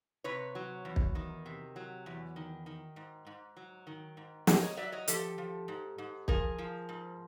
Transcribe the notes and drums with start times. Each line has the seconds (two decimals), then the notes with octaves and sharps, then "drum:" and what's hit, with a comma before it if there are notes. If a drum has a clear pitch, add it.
0.24 C3 B4 C#5
0.55 F#3
0.85 E2
0.96 drum: kick
1.15 D#3
1.46 C3
1.76 F#3
2.06 E2
2.36 D#3
2.66 D#3
2.96 G#2
3.27 G#2
3.57 F#3
3.87 D#3
4.17 G#2
4.47 G#2 G#4 A#4, drum: snare
4.62 C#5 D#5
4.77 F#3 D5 E5
4.92 C#5 D#5
5.08 F3 G4 A4, drum: hi-hat
5.38 F3
5.68 G#2
5.98 G#2
6.28 F3 G#4 A#4, drum: kick
6.59 F3
6.89 G#2